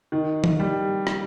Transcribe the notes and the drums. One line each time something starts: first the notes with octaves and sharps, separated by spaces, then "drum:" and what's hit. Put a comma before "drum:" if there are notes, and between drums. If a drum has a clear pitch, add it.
D#3
drum: tom D#3
G3
drum: rim click